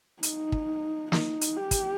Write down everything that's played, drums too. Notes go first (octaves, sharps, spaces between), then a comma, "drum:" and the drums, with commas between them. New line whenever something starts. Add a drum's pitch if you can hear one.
D#4, drum: hi-hat
drum: kick
D#4, drum: snare
drum: hi-hat
G4
drum: kick, hi-hat